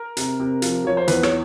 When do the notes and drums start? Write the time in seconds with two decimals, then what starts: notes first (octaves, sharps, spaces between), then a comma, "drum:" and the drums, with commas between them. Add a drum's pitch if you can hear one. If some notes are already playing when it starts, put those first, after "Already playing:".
Already playing: A#4
0.17 C3, drum: hi-hat
0.40 C3
0.62 F3, drum: hi-hat
0.85 F3 C#5
0.97 C5
1.08 E2 B4, drum: hi-hat
1.23 C#5, drum: rim click